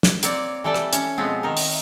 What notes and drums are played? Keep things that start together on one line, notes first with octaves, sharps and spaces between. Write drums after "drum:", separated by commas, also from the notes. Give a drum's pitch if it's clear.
drum: snare
A#3 C4 C#5 D5, drum: hi-hat
E3 G3 A4 D5 G5 A5
drum: rim click
C#4, drum: hi-hat
B2 F3 G#3 B3 C4
D#3 D#4 A#4
drum: open hi-hat